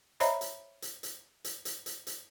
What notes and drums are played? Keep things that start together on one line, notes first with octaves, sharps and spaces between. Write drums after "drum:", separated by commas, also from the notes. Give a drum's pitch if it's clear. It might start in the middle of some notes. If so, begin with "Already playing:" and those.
C5 C#5 D#5 E5 A#5 B5, drum: hi-hat
drum: hi-hat
drum: hi-hat
drum: hi-hat
drum: hi-hat
drum: hi-hat
drum: hi-hat
drum: hi-hat